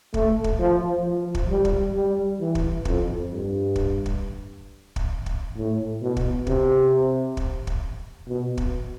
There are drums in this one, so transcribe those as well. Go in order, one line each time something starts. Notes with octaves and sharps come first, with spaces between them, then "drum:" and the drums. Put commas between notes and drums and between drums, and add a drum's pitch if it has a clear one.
A3, drum: kick
drum: kick
F3
F3
drum: kick
G3
drum: kick
G3
E3
drum: kick
F2, drum: kick
G2
drum: kick
drum: kick
drum: kick
drum: kick
A2
B2
drum: kick
C3, drum: kick
drum: kick
drum: kick
B2
drum: kick